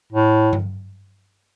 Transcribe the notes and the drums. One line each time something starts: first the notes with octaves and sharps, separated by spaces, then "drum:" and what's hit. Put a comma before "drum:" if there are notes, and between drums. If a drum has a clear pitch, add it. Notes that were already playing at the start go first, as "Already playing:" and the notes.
A2
drum: tom G2